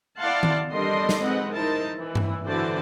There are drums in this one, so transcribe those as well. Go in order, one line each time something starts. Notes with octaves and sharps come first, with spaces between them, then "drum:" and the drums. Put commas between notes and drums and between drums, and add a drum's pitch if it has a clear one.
E4 D5 F5 F#5 A5 C6
drum: tom D#3
G3 D4 A4 A#4 D#5 C6
drum: snare
G#3 C4 B4 D#5 F#5
D#4 E4 A#4 C5 A5
E3
drum: tom G2
D3 E3 F#4 C5 D5 A5